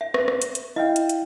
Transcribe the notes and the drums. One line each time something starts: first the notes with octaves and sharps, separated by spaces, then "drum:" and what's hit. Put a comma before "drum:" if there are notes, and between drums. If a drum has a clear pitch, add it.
E5
drum: rim click
drum: rim click
drum: hi-hat
drum: hi-hat
E4 D#5 F5 G5
drum: hi-hat
drum: hi-hat